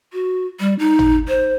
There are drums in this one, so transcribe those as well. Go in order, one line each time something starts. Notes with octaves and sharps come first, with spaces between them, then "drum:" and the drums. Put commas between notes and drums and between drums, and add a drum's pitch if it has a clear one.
F#4
G3
D#4
drum: tom G#1
C5